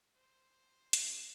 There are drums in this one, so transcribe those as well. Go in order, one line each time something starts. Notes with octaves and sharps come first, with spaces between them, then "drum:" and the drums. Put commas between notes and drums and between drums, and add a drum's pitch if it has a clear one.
C5
C#3, drum: hi-hat